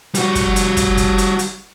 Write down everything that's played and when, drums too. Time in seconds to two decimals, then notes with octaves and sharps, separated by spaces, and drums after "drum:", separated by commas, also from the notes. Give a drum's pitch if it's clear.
0.15 G3 F#4, drum: hi-hat
0.35 drum: kick, hi-hat
0.56 drum: hi-hat
0.77 drum: kick, hi-hat
0.97 drum: kick, hi-hat
1.18 drum: hi-hat
1.39 drum: hi-hat